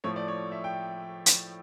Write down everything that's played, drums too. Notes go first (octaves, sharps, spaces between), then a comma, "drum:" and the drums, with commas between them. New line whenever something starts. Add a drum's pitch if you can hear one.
A2 F3 A3 C#5
D5
C#5
E5
G5
drum: hi-hat